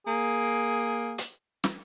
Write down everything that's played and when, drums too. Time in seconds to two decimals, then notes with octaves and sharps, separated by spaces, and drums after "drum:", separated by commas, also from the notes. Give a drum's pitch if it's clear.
0.07 A#3 G#4
1.18 drum: hi-hat
1.64 drum: snare